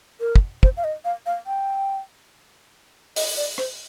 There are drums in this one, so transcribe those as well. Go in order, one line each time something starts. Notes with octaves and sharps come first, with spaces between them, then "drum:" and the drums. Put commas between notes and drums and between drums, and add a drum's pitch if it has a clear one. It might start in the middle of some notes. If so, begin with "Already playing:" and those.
A#4
drum: kick
C5, drum: kick
F5
D#5
F5
F5
G5
D#5, drum: open hi-hat
D5
C5, drum: rim click